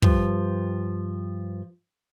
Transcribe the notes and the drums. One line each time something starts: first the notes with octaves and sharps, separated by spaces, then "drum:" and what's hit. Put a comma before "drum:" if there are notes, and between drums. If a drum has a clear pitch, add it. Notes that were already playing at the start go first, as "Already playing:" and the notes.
G2 F3, drum: kick